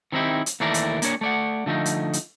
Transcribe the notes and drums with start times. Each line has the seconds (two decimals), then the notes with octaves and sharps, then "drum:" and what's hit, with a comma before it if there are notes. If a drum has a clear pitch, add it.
0.12 D#3 C4 D#4 E4 G4
0.46 drum: hi-hat
0.60 D#2 D#3 E3 A3 A#4 D5
0.74 drum: hi-hat
1.02 A#3 D4 C#5, drum: hi-hat
1.21 A3 D5 F#5
1.66 D3 F3 A3 D#4
1.86 drum: hi-hat
2.13 drum: hi-hat